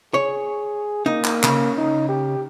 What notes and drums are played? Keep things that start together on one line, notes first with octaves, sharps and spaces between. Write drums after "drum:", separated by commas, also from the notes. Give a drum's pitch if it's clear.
G#4 C#5
A#3 D#4
drum: clap
C#3, drum: clap
D#4
G4